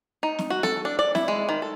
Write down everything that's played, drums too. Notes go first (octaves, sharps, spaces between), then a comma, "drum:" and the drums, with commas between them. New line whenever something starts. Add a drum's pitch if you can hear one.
D#4
drum: snare
F#4
A4, drum: snare
D4
D5
E4, drum: snare
G#3
D#3
A4